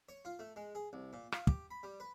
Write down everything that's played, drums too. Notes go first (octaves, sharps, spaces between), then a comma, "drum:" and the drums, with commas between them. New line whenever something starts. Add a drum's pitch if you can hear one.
C#5
F4
A3
G#3
G#4
C2
A#2
F4, drum: rim click
G4, drum: kick
B5
G3
B4